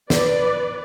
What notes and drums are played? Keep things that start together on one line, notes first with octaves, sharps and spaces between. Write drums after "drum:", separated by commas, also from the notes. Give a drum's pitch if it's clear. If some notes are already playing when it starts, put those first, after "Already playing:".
B4 D5, drum: snare